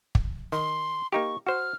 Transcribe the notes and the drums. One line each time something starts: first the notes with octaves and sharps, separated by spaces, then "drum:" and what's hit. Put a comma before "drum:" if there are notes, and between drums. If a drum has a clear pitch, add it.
drum: kick
D#3 C6
A#3 D#4 G4 C#6
F#4 C5 F6